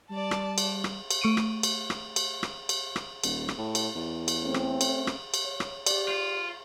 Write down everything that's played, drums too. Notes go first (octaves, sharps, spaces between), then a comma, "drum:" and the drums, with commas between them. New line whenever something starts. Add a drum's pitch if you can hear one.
G3 D5 A5
drum: rim click
drum: cymbal
drum: rim click
drum: cymbal
A3 C#6 D7 D#7
drum: rim click
drum: cymbal
drum: rim click
drum: cymbal
drum: rim click
drum: cymbal
drum: rim click
D#1, drum: cymbal
drum: rim click
A2
drum: cymbal
E2
drum: cymbal
A3 C4 C#4
drum: rim click
drum: cymbal
drum: rim click
drum: cymbal
C#5
drum: rim click
G4 D5, drum: cymbal
F4